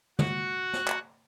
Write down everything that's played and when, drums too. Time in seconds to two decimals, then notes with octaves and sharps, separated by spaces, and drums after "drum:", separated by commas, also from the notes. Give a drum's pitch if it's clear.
0.19 F#4 F#5, drum: tom
0.73 drum: snare
0.88 drum: clap